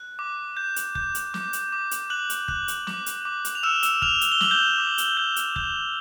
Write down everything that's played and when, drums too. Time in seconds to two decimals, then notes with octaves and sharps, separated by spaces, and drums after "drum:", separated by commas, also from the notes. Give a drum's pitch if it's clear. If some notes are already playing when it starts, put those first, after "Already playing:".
Already playing: F#6
0.19 D6
0.57 G6
0.76 drum: hi-hat
0.95 G6, drum: kick
1.15 drum: hi-hat
1.34 D6, drum: snare
1.53 drum: hi-hat
1.72 D6
1.91 drum: hi-hat
2.10 F#6 F#7
2.30 drum: hi-hat
2.48 F#6, drum: kick
2.68 drum: hi-hat
2.87 D6, drum: snare
3.06 drum: hi-hat
3.25 D6
3.45 drum: hi-hat
3.55 F7
3.63 E6 F6 E7
3.83 E6 E7, drum: hi-hat
3.95 E7
4.02 F6 F7, drum: kick
4.21 drum: hi-hat
4.32 G7
4.41 D6 F#7, drum: snare
4.51 G6 G7
4.78 D6
4.98 drum: hi-hat
5.17 G6
5.36 drum: hi-hat
5.56 G6, drum: kick